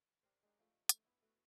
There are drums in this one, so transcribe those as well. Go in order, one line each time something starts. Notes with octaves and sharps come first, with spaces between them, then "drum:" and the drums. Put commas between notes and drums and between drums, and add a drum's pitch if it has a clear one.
D4 G4 A#4 C5
G#3 D4 D#4 G4
F3 A3 G5
A3, drum: hi-hat
B3 E4
A3 F#4